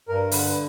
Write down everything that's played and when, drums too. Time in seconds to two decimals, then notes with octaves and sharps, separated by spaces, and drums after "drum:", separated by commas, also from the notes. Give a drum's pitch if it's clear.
0.09 G2 A#4
0.32 D3 B4, drum: open hi-hat